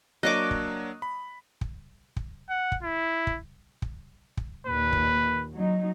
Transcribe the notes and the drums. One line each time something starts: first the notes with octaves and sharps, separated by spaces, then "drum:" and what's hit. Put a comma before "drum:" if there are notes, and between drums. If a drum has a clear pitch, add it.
F#3 A#3 D4 D#5 C#6 D6 F#6
drum: kick
B5
drum: kick
drum: kick
F#5
drum: kick
E4
drum: kick
drum: kick
drum: kick
D#2 A#2 B4
drum: kick
F#3 D#4